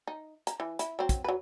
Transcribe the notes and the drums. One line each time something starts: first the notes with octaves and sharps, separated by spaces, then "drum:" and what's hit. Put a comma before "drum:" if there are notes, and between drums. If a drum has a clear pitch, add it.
D#4
A#5, drum: hi-hat
E3
E4, drum: hi-hat
F#3 C4
drum: kick, hi-hat
F#3 B4